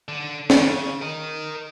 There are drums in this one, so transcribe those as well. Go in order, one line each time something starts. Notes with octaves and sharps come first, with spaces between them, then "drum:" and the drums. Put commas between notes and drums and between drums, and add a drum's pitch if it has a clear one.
D3
C#3, drum: snare
A#4 D#5